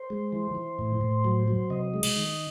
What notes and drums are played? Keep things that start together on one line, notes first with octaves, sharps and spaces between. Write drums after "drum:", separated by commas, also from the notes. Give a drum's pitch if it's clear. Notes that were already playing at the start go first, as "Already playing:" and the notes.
Already playing: C5
G#3
E3
E3
A2
A2
F#3
F#3
C3 D#5
G#3
drum: cymbal
D#3